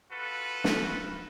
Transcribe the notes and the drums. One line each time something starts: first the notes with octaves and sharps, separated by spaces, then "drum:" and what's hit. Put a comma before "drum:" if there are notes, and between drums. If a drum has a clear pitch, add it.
F4 F#4 A4 B4
drum: snare